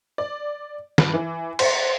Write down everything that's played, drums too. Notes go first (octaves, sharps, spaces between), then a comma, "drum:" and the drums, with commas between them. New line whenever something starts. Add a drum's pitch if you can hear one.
D5
G2, drum: snare
E3
C5, drum: cymbal